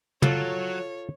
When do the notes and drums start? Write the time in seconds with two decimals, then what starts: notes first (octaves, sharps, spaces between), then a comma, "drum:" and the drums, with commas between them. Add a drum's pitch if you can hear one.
0.22 F#3 F4 A4 C#5, drum: tom